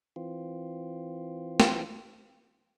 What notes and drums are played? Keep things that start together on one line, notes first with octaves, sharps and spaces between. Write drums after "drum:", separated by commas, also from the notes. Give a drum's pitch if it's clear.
E3 C4 F4
drum: snare